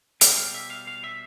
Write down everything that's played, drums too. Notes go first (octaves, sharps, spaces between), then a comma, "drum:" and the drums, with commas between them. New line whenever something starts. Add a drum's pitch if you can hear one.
B2 G3 F5, drum: hi-hat
F5
E5
F5
F5
E5